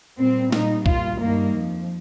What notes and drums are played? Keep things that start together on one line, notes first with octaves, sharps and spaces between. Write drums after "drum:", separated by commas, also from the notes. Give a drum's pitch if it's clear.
A#2 G3 C4
A#2 G3 D#4, drum: snare
A#2 G3 F4, drum: kick
G2 D#3 G3 A#3
F2 F3